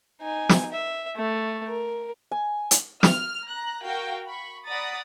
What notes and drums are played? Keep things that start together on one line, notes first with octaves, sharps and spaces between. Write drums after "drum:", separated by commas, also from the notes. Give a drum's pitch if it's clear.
D#4 G#5
drum: snare
E5
A3
A#4
G#5
drum: hi-hat
F6, drum: snare
A#5 F#6
F#4 A#4 F5 G5
B5 C#6
D5 F#5 A#5 B5 D#6 A6